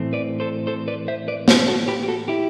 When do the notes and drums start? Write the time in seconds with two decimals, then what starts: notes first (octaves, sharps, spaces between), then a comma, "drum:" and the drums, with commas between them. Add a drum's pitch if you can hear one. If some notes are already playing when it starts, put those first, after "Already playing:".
Already playing: A2 E3 A3 C4
0.13 B4 D5
0.40 A4 C5
0.67 A4 C5
0.88 B4 D5
1.08 C5 E5
1.28 B4 D5
1.48 E4 G4, drum: snare
1.68 F#4 A4
1.88 G4 B4
2.03 G4
2.08 F#4 A4
2.28 E4 G4